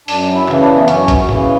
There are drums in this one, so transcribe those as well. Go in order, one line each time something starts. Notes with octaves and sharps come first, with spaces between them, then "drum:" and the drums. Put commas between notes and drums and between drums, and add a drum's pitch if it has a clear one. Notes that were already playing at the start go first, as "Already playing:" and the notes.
F#2 D4, drum: open hi-hat
E4
C#3 E3, drum: clap
D4
B3
F#2 C#4, drum: hi-hat
drum: kick G#1, hi-hat
C#3 E3, drum: tom